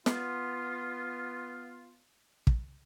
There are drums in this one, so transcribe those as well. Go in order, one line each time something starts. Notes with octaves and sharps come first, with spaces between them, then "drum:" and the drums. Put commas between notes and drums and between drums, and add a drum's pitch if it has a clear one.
B3 F4, drum: snare
drum: kick